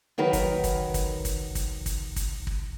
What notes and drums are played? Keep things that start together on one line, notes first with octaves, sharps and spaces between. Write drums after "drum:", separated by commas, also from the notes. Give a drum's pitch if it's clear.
D#3 F#3 A#4 B4
drum: kick, hi-hat
drum: kick, hi-hat
drum: kick, hi-hat
drum: kick, hi-hat
drum: kick, hi-hat
drum: kick, hi-hat
drum: kick, hi-hat
drum: kick